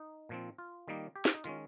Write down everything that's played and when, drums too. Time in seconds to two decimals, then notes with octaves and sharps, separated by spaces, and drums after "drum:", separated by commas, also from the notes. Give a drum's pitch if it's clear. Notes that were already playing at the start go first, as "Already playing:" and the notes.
Already playing: D#4
0.29 A#2 F3 C4
0.58 F4
0.88 D#3 G3 A#3 D#4
1.16 G4
1.25 F4, drum: snare
1.34 D#4
1.44 D#3 G#3 C#4 F4, drum: hi-hat